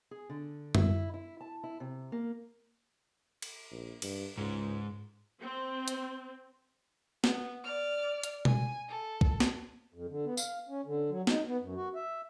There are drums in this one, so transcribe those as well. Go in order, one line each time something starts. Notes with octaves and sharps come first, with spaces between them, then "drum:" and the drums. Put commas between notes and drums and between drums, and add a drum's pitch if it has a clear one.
G#4
D3
E4, drum: tom F#2
E4
A5
E4
C3
A#3
drum: cymbal
A#1
G2, drum: cymbal
C#2 G#2
C4
drum: hi-hat
B3, drum: snare
D5 F6
drum: hi-hat
G#5, drum: tom B2
A4
drum: kick C2
drum: snare
F2
D3
B3
F5, drum: tambourine
C#4
D3
F#3
D#4, drum: snare
B3
F#2
F#4
E5